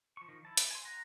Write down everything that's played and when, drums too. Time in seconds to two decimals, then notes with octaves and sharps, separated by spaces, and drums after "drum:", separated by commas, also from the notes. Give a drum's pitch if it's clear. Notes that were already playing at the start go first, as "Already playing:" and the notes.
0.17 F3 C#6
0.28 D#3 F3
0.45 E4 A5
0.57 drum: hi-hat
0.70 G#5 C6
0.85 F#5 A#5